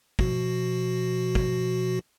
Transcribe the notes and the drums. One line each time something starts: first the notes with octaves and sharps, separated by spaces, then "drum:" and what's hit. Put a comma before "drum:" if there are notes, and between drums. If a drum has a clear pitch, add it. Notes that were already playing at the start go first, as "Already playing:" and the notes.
B2 F3 F#4, drum: kick
drum: kick